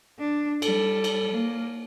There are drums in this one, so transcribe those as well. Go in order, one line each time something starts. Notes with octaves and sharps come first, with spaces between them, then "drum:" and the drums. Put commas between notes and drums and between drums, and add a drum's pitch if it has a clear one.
D4
G3 A4, drum: cymbal
drum: cymbal
A#3